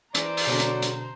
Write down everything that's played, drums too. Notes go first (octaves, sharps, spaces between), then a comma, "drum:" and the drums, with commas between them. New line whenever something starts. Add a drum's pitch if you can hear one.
E3 C5 D5 A#5, drum: hi-hat
drum: open hi-hat
B2 D3 F#3
drum: hi-hat
drum: hi-hat